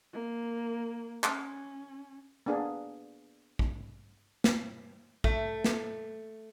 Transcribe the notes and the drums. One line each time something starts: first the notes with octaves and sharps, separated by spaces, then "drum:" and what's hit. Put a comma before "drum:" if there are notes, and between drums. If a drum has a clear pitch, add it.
A#3
C#4, drum: clap
A#3 B3 D4 G#4
drum: kick A#1
drum: snare
A3, drum: kick A#1
drum: snare